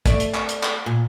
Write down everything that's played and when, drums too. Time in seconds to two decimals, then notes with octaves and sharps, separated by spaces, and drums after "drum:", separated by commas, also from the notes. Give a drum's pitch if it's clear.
0.06 A3 D5, drum: kick, hi-hat
0.20 drum: hi-hat
0.34 drum: clap
0.49 drum: hi-hat
0.63 drum: clap
0.86 A#2